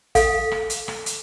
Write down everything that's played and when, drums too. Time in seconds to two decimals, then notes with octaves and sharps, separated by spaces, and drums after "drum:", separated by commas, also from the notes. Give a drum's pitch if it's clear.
0.15 A4 F5, drum: kick, hi-hat
0.51 drum: rim click
0.70 drum: hi-hat
0.88 drum: rim click
1.06 drum: hi-hat